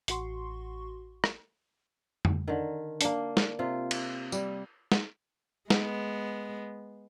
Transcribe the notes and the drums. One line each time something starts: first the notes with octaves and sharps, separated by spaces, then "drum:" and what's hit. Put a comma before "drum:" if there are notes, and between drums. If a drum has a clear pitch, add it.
A1 F#4 C6 C#6, drum: hi-hat
drum: rim click
drum: tom
D3 D#3
A#3 D4, drum: hi-hat
drum: snare
C3 F4
drum: cymbal
G3, drum: tambourine
drum: snare
G#3 B3, drum: snare